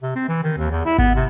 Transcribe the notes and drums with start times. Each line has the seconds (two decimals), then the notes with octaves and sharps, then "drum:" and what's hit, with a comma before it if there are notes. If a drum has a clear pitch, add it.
0.02 C3
0.16 C4
0.29 E3
0.43 D#3
0.57 D#2
0.71 E2
0.85 E4
0.98 B3, drum: kick G#1
1.15 C3